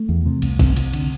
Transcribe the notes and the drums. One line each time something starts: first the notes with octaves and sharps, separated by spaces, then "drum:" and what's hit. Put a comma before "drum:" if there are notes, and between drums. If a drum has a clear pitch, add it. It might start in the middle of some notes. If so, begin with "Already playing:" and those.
Already playing: A3
E2
C3
C2, drum: cymbal
C3, drum: kick A1, cymbal
C3, drum: cymbal
D3, drum: cymbal